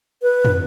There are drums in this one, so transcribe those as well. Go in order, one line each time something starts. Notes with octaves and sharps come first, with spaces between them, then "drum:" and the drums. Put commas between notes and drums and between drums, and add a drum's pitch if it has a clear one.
B4
drum: tom